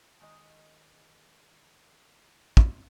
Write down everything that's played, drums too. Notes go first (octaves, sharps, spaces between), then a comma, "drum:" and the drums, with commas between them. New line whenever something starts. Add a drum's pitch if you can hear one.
D#3 G#3 D#5
drum: kick